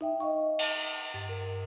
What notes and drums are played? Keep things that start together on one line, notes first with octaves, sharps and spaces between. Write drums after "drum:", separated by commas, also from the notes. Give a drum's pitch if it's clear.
D#4 E5 G5
D#5 F5 C#6
A5, drum: cymbal
G2 A6
A#4